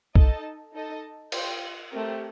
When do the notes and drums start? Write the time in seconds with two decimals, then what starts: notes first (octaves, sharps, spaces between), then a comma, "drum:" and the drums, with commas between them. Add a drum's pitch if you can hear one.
0.16 D#4 A4 D#5 A5, drum: kick
0.74 D#4 A4 D#5 A5
1.32 F4 C5 G5, drum: cymbal
1.91 A3 C4 G4 A#4